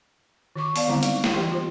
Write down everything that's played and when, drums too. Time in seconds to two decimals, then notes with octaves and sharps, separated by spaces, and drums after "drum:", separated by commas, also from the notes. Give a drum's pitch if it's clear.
0.56 D#3 C#5 C#6 D6
0.76 B3 D5 F5, drum: open hi-hat
0.88 D3 G3 G#3 C4 E4
1.03 G3 C4 D#4 F5, drum: hi-hat
1.24 drum: snare
1.34 E3 G4 C5 G5 C6
1.52 F4 C5